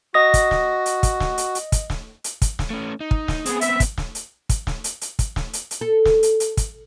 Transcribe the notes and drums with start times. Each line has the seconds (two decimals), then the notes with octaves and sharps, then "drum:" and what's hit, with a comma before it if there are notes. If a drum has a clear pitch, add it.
0.14 F#4 D#5 D#6 A#6
0.34 drum: kick, hi-hat
0.51 drum: snare
0.86 drum: hi-hat
1.03 drum: kick, hi-hat
1.20 drum: snare
1.38 drum: hi-hat
1.55 drum: hi-hat
1.72 drum: kick, hi-hat
1.90 drum: snare
2.24 drum: hi-hat
2.42 drum: kick, hi-hat
2.59 drum: snare
2.70 A3 C#4
3.01 D#4
3.11 drum: kick
3.28 drum: snare
3.46 B3 C4 G#4, drum: hi-hat
3.61 E5, drum: hi-hat
3.80 drum: kick, hi-hat
3.98 drum: snare
4.15 drum: hi-hat
4.49 drum: kick, hi-hat
4.67 drum: snare
4.84 drum: hi-hat
5.01 drum: hi-hat
5.19 drum: kick, hi-hat
5.36 drum: snare
5.53 drum: hi-hat
5.71 drum: hi-hat
5.81 A4
6.05 drum: snare
6.23 drum: hi-hat
6.40 drum: hi-hat
6.57 drum: kick, hi-hat